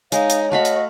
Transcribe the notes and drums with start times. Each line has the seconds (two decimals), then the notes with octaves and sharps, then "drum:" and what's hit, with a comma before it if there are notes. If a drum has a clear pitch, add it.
0.12 G#3 D#4 C#5 F5, drum: hi-hat
0.30 drum: hi-hat
0.52 A3 F#4 D#5 F5 B5
0.65 drum: hi-hat